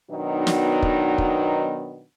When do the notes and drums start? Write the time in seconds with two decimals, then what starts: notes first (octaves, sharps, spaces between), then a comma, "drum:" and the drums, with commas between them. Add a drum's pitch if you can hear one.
0.11 B2 D#3 F#3 B3 D4 D#4
0.47 drum: snare
0.82 drum: kick
1.18 drum: kick